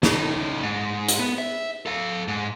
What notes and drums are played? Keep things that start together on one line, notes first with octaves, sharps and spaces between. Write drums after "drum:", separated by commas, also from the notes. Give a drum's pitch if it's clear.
C#3 D#4, drum: snare
G#2
drum: hi-hat
B3
E5
A4 F5
G#2